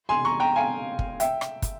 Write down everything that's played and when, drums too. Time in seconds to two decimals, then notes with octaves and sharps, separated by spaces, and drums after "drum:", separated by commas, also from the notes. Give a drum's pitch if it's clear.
0.09 G#5 C6
0.25 A#5 C#6
0.40 G5 A#5
0.56 F5 G#5
0.99 drum: kick
1.20 E5 G5, drum: hi-hat
1.41 drum: rim click
1.62 drum: kick, hi-hat